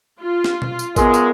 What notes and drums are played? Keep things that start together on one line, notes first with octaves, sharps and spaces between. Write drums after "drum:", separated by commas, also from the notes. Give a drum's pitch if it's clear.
F4
drum: snare
drum: tom B2
drum: tambourine
F#2 G#3 B3 G#4 A#4, drum: kick G#1, tambourine
drum: tambourine